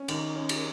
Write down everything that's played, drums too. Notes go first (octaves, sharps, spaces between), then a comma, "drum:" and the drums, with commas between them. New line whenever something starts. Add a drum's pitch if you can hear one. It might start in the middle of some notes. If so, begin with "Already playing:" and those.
Already playing: C#4
D#3, drum: cymbal
C#4
drum: cymbal